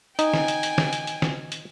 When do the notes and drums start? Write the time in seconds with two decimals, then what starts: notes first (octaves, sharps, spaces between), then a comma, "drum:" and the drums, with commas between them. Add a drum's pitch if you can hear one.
0.19 D#4 G5 G#5, drum: hi-hat
0.34 drum: snare
0.48 drum: hi-hat
0.63 drum: hi-hat
0.78 drum: snare
0.93 drum: hi-hat
1.07 drum: hi-hat
1.22 drum: snare
1.52 drum: hi-hat